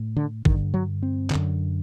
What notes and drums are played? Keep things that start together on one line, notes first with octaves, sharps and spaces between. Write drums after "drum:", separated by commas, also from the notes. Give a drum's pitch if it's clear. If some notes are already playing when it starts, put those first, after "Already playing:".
Already playing: A2
D3
G2 D3 D#3, drum: kick
F#3
C4
F#2 D3, drum: clap